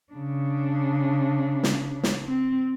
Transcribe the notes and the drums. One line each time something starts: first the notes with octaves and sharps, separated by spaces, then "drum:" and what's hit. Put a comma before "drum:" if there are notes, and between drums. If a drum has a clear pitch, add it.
C#3 D4
drum: snare
drum: snare
C4